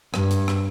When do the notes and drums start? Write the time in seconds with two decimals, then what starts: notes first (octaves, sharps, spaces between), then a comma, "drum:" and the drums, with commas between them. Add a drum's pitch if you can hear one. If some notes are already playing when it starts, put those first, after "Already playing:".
0.14 G2, drum: rim click
0.31 drum: hi-hat
0.48 drum: rim click